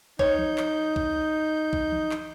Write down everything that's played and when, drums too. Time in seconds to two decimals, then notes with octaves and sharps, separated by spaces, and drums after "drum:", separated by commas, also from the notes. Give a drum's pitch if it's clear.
0.19 D#4 C#5 G6, drum: kick A#1
0.39 drum: tom E3
0.58 drum: clap
0.96 drum: kick A#1
1.73 drum: kick A#1
1.92 drum: tom E3
2.11 drum: clap